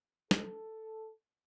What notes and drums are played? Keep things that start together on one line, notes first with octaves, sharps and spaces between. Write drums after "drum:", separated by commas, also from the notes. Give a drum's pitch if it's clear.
A4, drum: snare